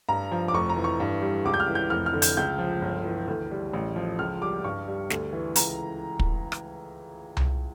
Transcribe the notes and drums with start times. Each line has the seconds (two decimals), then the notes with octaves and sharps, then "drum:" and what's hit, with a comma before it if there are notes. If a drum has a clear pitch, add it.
0.09 G2 A#5
0.31 F3
0.48 D6
0.54 F1 C#6
0.70 A#5
0.76 E3
0.84 C#6
1.00 G2
1.22 G3
1.45 C#2 D6
1.54 G6
1.60 F6
1.68 E3
1.75 G6
1.90 F1 F6
2.06 F6
2.13 D3
2.22 G6, drum: hi-hat
2.37 C#2 G6
2.59 F3
2.82 G1
3.05 E3
3.28 D2
3.51 G3
3.73 A1
3.96 F3
4.19 C#2 F6
4.42 G3 D6
4.64 G2 C#6
4.88 G3
5.10 D2, drum: snare
5.33 E3
5.55 C#2 A#5, drum: hi-hat
6.19 drum: kick
6.52 drum: rim click
7.37 drum: tom C2